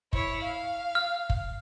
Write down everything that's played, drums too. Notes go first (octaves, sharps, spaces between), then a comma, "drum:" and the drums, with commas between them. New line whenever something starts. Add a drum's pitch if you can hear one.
E4 C#5, drum: kick
F5
F6
drum: kick